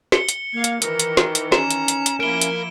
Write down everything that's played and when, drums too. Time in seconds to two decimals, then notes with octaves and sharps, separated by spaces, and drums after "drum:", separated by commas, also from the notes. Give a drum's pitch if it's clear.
0.12 C#7 G7, drum: snare
0.29 drum: hi-hat
0.53 A#3 F5 G#6
0.64 drum: hi-hat
0.82 D#3 E3 A#4, drum: hi-hat
1.00 drum: hi-hat
1.17 drum: snare
1.35 drum: hi-hat
1.52 C#4 A#5 E7, drum: snare
1.70 drum: hi-hat
1.88 drum: hi-hat
2.06 drum: hi-hat
2.20 F3 A#3 E4 A#4 D7 G7
2.41 drum: hi-hat